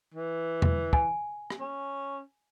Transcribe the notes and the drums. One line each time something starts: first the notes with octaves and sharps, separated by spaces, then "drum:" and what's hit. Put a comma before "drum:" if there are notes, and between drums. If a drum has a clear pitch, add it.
E3
drum: tom E2
G#5, drum: kick
drum: rim click
C#4